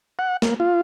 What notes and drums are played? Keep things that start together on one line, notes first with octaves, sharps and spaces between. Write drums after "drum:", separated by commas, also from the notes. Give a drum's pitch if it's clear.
F#5
A#3, drum: snare
F4